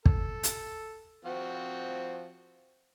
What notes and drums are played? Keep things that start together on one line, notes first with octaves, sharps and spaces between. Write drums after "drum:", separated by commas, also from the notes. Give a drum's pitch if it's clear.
A4, drum: kick
drum: hi-hat
F3 C4 F#4